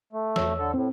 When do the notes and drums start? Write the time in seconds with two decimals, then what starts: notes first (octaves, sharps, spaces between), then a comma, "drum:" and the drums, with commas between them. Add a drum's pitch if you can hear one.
0.13 A3
0.36 E2 C#5 E6, drum: snare
0.58 D3 A4
0.74 A2 C4